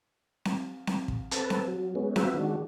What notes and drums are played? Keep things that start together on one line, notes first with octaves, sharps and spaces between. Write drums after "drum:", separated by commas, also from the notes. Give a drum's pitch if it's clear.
drum: snare C4
drum: snare C4
drum: kick
C4 A4 B4 A5, drum: hi-hat
drum: snare C4
F#3
G#3 B3 C#4
B3 F4 F#4 B4 C5 E5, drum: snare C4
D#3 G#3 D4 F#4